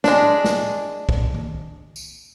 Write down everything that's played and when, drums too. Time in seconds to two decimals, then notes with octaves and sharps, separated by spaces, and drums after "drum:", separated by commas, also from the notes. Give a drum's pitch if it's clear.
0.04 G#3 D4, drum: snare
0.44 drum: snare
1.09 drum: kick
1.34 drum: tom D#3
1.96 drum: tambourine